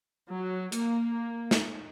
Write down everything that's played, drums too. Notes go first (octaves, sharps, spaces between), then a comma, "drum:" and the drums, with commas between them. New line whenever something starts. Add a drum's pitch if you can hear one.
F#3
A#3, drum: hi-hat
drum: snare